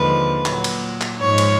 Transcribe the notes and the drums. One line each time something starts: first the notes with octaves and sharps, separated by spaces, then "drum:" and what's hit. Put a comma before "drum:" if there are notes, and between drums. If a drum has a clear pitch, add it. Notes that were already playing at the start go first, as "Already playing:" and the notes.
Already playing: D#2 D3 F3 G#3 B4
A#2 F#3, drum: clap
drum: cymbal
drum: clap
G#2 F3 G#3 C#5
drum: cymbal